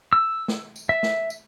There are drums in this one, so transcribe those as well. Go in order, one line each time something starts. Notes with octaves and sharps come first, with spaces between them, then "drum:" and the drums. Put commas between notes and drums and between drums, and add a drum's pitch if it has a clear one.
E6
drum: snare
drum: tambourine
E5
drum: snare
drum: tambourine